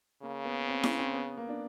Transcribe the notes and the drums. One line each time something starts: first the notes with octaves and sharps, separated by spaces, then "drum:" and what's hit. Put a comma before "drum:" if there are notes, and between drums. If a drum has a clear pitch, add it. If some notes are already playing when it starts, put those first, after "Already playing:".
C#3 A#3
B3
C4
C#4, drum: snare E4
C4
B3
A#3
D4